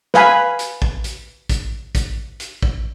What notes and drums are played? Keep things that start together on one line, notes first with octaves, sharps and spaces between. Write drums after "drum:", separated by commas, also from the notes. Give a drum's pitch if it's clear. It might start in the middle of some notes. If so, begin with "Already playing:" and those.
B4 F5 G#5 B5, drum: snare
drum: hi-hat
drum: kick
drum: hi-hat
drum: kick, hi-hat
drum: kick, hi-hat
drum: hi-hat
drum: kick